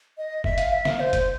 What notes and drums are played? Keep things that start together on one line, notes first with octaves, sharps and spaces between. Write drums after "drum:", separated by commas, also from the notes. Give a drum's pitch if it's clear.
D#5
E5, drum: kick F#1
F5, drum: hi-hat
E5
F5, drum: snare
C5
drum: kick F#1, hi-hat